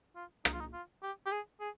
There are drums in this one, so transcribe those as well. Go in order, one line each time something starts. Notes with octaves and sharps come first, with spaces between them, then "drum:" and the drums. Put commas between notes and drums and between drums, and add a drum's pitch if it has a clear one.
F4
D#4, drum: rim click
F4
D#4
F4
G4
G4
G#4
G#4